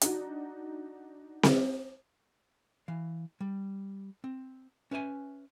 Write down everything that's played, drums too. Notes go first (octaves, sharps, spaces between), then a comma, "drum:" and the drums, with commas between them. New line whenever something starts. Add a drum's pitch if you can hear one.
D4 D#4 F#4, drum: hi-hat
drum: snare C4
E3 F5
G3
C4
C#4 B4 E5 G#5